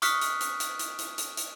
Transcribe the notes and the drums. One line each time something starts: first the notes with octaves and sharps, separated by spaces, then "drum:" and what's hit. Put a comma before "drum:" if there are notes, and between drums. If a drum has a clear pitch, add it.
C#6 D#6 F6 F#6 B6 C#7, drum: hi-hat
drum: hi-hat
drum: hi-hat
drum: hi-hat
drum: hi-hat
drum: hi-hat
drum: hi-hat
drum: hi-hat